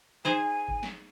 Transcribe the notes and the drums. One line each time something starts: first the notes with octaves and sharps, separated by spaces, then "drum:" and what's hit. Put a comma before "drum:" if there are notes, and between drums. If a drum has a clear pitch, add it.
D#4 G#4 C5 G#5
drum: kick G1
drum: snare